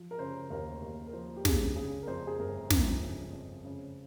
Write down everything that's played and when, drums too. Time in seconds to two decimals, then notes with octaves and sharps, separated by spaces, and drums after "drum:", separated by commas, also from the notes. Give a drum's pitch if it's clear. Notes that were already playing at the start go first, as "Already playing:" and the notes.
Already playing: F3
0.11 A#4
0.19 C#3 C5
0.50 D#2 A#4
0.82 D#2
1.07 A#4
1.13 F3 C5
1.37 G4
1.45 C#3 G#4, drum: snare
1.76 C#3 G#4
2.03 A#4
2.07 F2 C5
2.27 G#4
2.39 G1 A#4
2.70 F3, drum: snare
3.02 C#3
3.33 F2
3.64 C#3